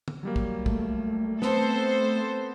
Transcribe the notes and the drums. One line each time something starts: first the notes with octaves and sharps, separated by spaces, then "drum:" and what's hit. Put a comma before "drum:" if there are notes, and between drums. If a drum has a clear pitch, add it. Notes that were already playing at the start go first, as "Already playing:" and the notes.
drum: tom
F#3 G3 A#3
drum: kick
A3, drum: kick
B3 C4 A4 C5, drum: snare